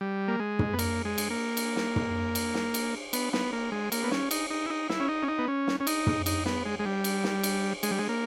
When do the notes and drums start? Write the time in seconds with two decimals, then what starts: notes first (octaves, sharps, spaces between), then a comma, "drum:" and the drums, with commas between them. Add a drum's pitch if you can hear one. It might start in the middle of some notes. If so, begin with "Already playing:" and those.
0.01 G3
0.28 A#3
0.40 G#3
0.59 drum: tom
0.73 B3
0.79 A#3, drum: cymbal
1.05 G#3
1.18 drum: cymbal
1.30 A#3
1.57 drum: cymbal
1.76 drum: snare
1.96 drum: tom
2.35 drum: cymbal
2.55 drum: snare
2.74 drum: cymbal
3.13 B3, drum: cymbal
3.33 B3, drum: snare
3.53 A#3
3.72 G#3
3.92 A#3, drum: cymbal
4.04 B3
4.11 C#4, drum: snare
4.31 D#4, drum: cymbal
4.50 D#4
4.66 E4
4.70 D#4
4.89 E4, drum: snare
5.00 C#4
5.09 D#4
5.23 C#4
5.28 D#4
5.39 B3
5.48 C#4
5.67 drum: snare
5.80 C#4
5.87 D#4, drum: cymbal
6.07 drum: tom
6.26 D#4, drum: cymbal
6.46 B3, drum: snare
6.66 G#3
6.79 G#3
6.85 G3
7.04 drum: cymbal
7.24 drum: snare
7.43 drum: cymbal
7.83 G#3, drum: cymbal
7.91 G3
7.99 G#3
8.09 A#3